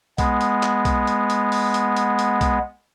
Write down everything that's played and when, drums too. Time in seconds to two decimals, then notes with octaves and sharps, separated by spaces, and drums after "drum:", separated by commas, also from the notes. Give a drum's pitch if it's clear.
0.18 G#3 B3, drum: kick B1, hi-hat
0.41 drum: hi-hat
0.63 drum: clap
0.85 drum: kick B1, hi-hat
1.07 drum: hi-hat
1.30 drum: hi-hat
1.52 drum: open hi-hat
1.74 drum: hi-hat
1.96 drum: hi-hat
2.19 drum: hi-hat
2.41 drum: kick B1, hi-hat